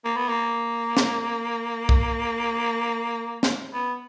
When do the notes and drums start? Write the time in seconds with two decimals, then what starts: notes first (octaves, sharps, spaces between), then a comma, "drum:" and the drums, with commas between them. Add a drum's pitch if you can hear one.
0.04 A#3
0.16 B3
0.28 A#3
0.97 drum: snare
1.89 drum: kick B1
3.43 drum: snare
3.73 B3